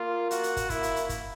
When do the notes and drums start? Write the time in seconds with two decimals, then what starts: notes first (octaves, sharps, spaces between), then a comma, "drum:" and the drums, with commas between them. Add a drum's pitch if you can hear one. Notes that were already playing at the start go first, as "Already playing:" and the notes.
Already playing: A#3 F4
0.31 F#4, drum: hi-hat
0.43 drum: hi-hat
0.57 drum: kick, hi-hat
0.70 A#3 E4, drum: kick, hi-hat
0.83 drum: hi-hat
0.96 drum: hi-hat
1.09 drum: kick, hi-hat